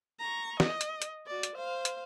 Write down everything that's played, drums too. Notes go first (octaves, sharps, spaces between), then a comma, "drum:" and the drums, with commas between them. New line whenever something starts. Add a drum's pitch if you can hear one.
A#5 C#6
D#5, drum: snare
drum: hi-hat
drum: hi-hat
F#4 D5
drum: hi-hat
C5 F5
drum: hi-hat